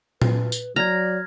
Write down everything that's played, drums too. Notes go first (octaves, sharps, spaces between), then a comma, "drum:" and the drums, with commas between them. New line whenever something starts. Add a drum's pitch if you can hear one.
B4, drum: tom A#2
drum: tambourine
F#3 D5 A#5 F6 G#6